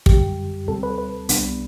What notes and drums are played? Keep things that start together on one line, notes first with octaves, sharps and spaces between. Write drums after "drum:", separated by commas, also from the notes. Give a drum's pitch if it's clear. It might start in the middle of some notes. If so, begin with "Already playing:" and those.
F#2 D3 G3 G4, drum: kick
D2 C3 G3 C4 A4
B4
B4
C2 C3 G3 B3 D4, drum: hi-hat